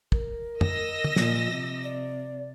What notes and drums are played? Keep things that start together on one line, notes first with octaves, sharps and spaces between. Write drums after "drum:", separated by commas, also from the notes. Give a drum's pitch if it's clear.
A#4, drum: kick
D#5 E6 A#6, drum: tom
drum: tom
A#2 F3, drum: snare
C3
D5